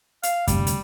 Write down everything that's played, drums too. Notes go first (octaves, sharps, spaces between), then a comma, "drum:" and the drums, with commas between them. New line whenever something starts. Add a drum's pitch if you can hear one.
F5, drum: hi-hat
D2 C3 G3, drum: kick F#2, hi-hat
drum: hi-hat